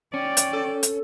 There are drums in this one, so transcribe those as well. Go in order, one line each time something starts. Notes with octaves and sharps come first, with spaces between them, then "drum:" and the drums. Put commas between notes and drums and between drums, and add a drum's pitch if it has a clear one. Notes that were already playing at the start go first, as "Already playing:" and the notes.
C#4 D5 G5
drum: hi-hat
A4
drum: hi-hat